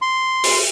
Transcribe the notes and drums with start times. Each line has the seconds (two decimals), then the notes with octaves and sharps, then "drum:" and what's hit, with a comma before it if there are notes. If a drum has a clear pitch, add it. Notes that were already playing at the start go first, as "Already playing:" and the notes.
0.02 C6
0.44 drum: open hi-hat